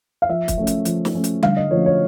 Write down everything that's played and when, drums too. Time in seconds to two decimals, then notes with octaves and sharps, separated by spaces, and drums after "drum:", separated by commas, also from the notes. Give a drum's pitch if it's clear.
0.22 F5
0.29 F3 E5
0.48 drum: kick, hi-hat
0.58 A3 C#4
0.67 drum: hi-hat
0.85 F3, drum: hi-hat
1.05 drum: snare
1.15 A3 C#4
1.24 drum: hi-hat
1.43 D3 F5, drum: tom G3
1.57 D#5
1.71 F3 A3 C#4 C#5
1.86 C#5